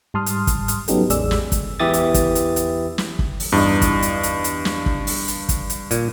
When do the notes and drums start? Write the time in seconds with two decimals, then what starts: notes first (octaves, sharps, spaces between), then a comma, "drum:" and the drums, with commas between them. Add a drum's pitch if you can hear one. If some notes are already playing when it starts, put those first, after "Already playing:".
0.14 G#2 G3 A5 C6 D#6 F6
0.26 drum: hi-hat
0.47 drum: kick, hi-hat
0.68 drum: hi-hat
0.88 F#3 B3 C#4 D#4 G4 A4, drum: hi-hat
1.10 A1 E2 G#3 G#4 D5 E6, drum: hi-hat
1.31 drum: snare
1.52 drum: kick, hi-hat
1.80 E2 E3 G4 E5 D#6 A6
1.93 drum: hi-hat
2.14 drum: kick, hi-hat
2.35 drum: hi-hat
2.56 drum: hi-hat
2.98 drum: snare
3.19 drum: kick
3.40 drum: open hi-hat
3.52 E2 G2 D#4
3.82 drum: kick, hi-hat
4.02 drum: hi-hat
4.23 drum: hi-hat
4.44 drum: hi-hat
4.65 drum: snare
4.86 drum: kick
5.07 drum: open hi-hat
5.28 drum: hi-hat
5.49 drum: kick, hi-hat
5.70 drum: hi-hat
5.91 A#2, drum: hi-hat